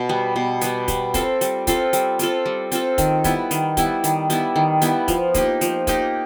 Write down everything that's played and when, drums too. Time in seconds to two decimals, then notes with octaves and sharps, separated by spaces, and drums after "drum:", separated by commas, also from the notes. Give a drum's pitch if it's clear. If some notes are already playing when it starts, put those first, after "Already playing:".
Already playing: B2
0.09 G3 B3
0.36 B2
0.61 G3 B3, drum: hi-hat
0.88 G3, drum: kick, hi-hat
1.14 C4 F4 A4, drum: kick, hi-hat
1.41 G3, drum: hi-hat
1.67 C4 F4 A4, drum: kick, hi-hat
1.93 G3, drum: hi-hat
2.19 C4 F4 A4, drum: hi-hat
2.46 G3
2.72 C4 F4 A4, drum: hi-hat
2.98 D#3, drum: kick, hi-hat
3.24 G3 B3 E4, drum: kick, hi-hat
3.51 D#3, drum: hi-hat
3.77 G3 B3 E4, drum: kick, hi-hat
4.04 D#3, drum: hi-hat
4.30 G3 B3 E4, drum: hi-hat
4.56 D#3
4.82 G3 B3 E4, drum: hi-hat
5.08 F3, drum: kick, hi-hat
5.34 A#3 D#4 G4, drum: kick, hi-hat
5.61 F3, drum: hi-hat
5.87 A#3 D#4 G4, drum: kick, hi-hat